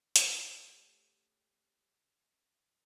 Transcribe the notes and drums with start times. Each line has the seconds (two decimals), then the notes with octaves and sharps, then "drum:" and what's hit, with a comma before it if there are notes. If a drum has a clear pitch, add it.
0.16 A3 C#4 G4, drum: hi-hat